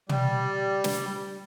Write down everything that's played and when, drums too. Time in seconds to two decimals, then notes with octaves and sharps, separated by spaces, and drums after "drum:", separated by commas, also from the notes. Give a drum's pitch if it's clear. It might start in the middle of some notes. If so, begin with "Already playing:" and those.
0.09 G3, drum: tom
0.84 drum: snare